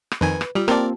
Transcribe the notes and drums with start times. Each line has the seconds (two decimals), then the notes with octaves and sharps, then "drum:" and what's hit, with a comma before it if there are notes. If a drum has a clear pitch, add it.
0.12 drum: rim click
0.21 F2 D#3 B4 G#5
0.41 drum: rim click
0.55 G3 F4 G4
0.68 A#3 C4 F4 A#4 D5 G5 A5, drum: rim click